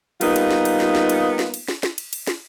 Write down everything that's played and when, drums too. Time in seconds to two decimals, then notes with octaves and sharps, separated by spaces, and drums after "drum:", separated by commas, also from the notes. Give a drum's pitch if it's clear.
0.21 G3 A#3 B3 D#4 F4, drum: cymbal
0.36 drum: cymbal
0.51 drum: snare
0.65 drum: cymbal
0.80 drum: snare
0.95 drum: snare
1.09 drum: cymbal
1.39 drum: snare
1.54 drum: cymbal
1.68 drum: snare
1.83 drum: snare
1.98 drum: cymbal
2.13 drum: cymbal
2.27 drum: snare